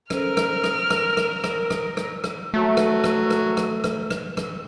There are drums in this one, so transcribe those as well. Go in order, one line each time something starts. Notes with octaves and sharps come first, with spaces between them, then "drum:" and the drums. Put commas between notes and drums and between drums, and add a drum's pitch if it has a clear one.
C#4 A4 A#4 C5 F6, drum: rim click
drum: rim click
drum: rim click
drum: rim click
drum: rim click
drum: rim click
drum: rim click
drum: rim click
drum: rim click
F#3 A3
drum: rim click
drum: rim click
drum: rim click
drum: rim click
drum: rim click
drum: rim click
drum: rim click